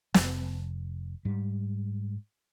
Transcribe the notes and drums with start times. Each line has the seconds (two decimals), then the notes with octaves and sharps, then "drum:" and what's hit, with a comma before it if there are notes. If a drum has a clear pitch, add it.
0.14 F1, drum: snare
1.25 G#2 G3